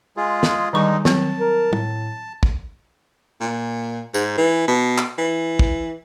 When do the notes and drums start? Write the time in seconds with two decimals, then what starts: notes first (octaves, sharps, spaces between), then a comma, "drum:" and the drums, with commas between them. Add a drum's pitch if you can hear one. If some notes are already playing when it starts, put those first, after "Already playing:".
0.17 G#3 F4 G#4
0.43 drum: snare
0.73 D3 D#3 G3 G#3 D#4 C#6
1.05 D#3 F#3 C4 A5, drum: snare
1.39 A#4
1.73 A2, drum: tom
2.43 drum: kick
3.41 A#2
4.14 G#2, drum: tambourine
4.38 E3
4.68 B2
4.98 drum: clap
5.19 E3
5.59 drum: kick